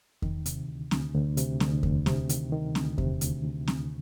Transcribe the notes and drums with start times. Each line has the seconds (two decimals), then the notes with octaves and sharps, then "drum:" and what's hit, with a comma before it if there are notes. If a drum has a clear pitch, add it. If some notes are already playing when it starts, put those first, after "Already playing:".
0.22 D#3, drum: kick E2
0.46 C3, drum: hi-hat
0.68 D2
0.91 D2, drum: snare C4
1.14 D2
1.37 C3, drum: hi-hat
1.60 D2, drum: snare C4
1.83 D2, drum: kick E2
2.06 C3, drum: snare C4
2.29 D#3, drum: hi-hat
2.52 D#3
2.75 D2, drum: snare C4
2.98 C3, drum: kick E2
3.21 D2, drum: hi-hat
3.44 D2
3.67 D2, drum: snare C4